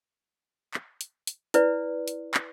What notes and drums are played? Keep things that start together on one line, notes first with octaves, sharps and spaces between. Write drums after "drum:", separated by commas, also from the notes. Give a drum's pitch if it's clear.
drum: clap
drum: hi-hat
drum: hi-hat
E4 B4 D5, drum: hi-hat
drum: hi-hat
drum: clap